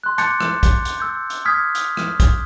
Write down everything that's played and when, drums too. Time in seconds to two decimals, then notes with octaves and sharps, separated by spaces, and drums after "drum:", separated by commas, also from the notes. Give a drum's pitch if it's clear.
0.04 C6 F#6
0.18 A5 D6 F#6 G6 A6 C#7, drum: hi-hat
0.41 drum: rim click
0.63 drum: kick, hi-hat
0.85 drum: hi-hat
1.00 E6 G6
1.30 drum: hi-hat
1.45 D#6 F6 G6 G#6 B6
1.75 drum: hi-hat
1.97 drum: rim click
2.20 drum: kick, hi-hat